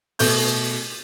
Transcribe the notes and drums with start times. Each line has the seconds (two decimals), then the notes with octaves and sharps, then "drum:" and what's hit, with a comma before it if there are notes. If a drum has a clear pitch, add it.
0.19 B2 A3 G6, drum: open hi-hat